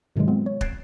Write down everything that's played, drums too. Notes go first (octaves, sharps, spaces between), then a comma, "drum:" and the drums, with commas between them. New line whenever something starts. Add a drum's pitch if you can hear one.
G#2 C3 D#3 E3 F#3 G#3
G#3 B3 C4 F4
C#5
F#6 G#6 A6 C7 D7 E7, drum: kick